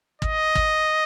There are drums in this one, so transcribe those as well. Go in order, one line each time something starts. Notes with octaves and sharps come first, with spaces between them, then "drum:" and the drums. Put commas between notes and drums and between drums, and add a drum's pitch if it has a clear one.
D#5, drum: kick
drum: kick